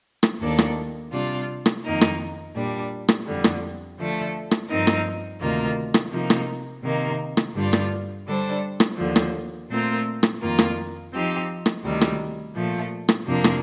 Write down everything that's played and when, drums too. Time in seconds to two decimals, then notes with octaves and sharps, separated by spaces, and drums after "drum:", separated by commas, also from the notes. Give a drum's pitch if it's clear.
0.23 drum: rim click
0.41 D#2 D#3 A#3 D4 A4
0.58 drum: rim click
1.12 C3 G3 D4 F4
1.66 drum: rim click
1.83 F2 D#3 A#3 D#4 A#4
2.01 drum: rim click
2.55 A#2 G3 D4
3.08 drum: rim click
3.26 F2 D3 G3
3.44 drum: rim click
3.98 D3 F3 A3
4.51 drum: rim click
4.69 G2 F3 C4 D#4 A#4
4.87 drum: rim click
5.41 D2 C3 D#3 A#3 F4
5.94 drum: rim click
6.12 C3 F3 A#3 D#4
6.30 drum: rim click
6.83 C3 D#3 A#3 D#4
7.37 drum: rim click
7.55 G2 D3 G3 D4 F4
7.73 drum: rim click
8.27 D3 G3 D4 A4 C5
8.80 drum: rim click
8.98 D#2 D3 F3
9.16 drum: rim click
9.69 A#2 A3 C4 F4 A#4
10.23 drum: rim click
10.41 F2 D#3 A#3 F4 A#4
10.58 drum: rim click
11.13 F3 C4 D#4 G4
11.66 drum: rim click
11.84 D2 C3 D#3 G3
12.01 drum: rim click
12.55 A#2 F3 A3
13.09 drum: rim click
13.26 F2 C3 F3 A#3 D4
13.44 drum: rim click